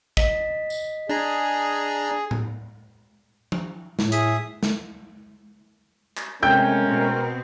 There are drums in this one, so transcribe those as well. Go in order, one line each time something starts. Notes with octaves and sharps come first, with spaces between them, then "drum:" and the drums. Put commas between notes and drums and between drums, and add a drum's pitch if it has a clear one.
D#5 B6, drum: kick
drum: tambourine
D4 G#4 A#5
drum: tom A2
drum: tom F3
A2, drum: snare
G#4 E5 D#6, drum: hi-hat
drum: snare
drum: clap
C3 G#3 A3 C#4 A#4 G5 G6
B2 C4